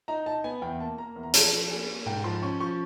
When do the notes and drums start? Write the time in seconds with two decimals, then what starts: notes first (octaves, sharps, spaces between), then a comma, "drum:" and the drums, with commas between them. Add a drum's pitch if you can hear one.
0.08 D#4 A#5
0.26 D#4 A5
0.44 B3 G#5
0.62 E2 G5
0.80 A#3 A5
0.98 A#3 A#5
1.16 E2
1.23 A#5
1.34 F3 A5, drum: hi-hat
1.52 F3
1.70 A#3 G#5
1.88 A#3
2.06 G#2 G5
2.24 F3 C6
2.42 C#4 C#6
2.60 F3 C#6